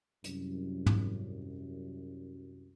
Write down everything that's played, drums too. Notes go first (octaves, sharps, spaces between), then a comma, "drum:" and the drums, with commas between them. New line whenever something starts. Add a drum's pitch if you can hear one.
C2 F#2, drum: hi-hat
drum: tom